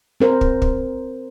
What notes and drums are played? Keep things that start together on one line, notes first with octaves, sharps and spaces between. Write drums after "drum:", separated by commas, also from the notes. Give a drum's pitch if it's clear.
C4 A#4 C5
drum: kick
drum: kick